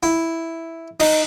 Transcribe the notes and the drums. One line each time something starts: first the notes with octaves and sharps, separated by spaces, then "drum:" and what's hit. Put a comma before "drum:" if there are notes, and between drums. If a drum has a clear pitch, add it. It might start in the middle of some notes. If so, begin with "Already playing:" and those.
E4
D#4, drum: cymbal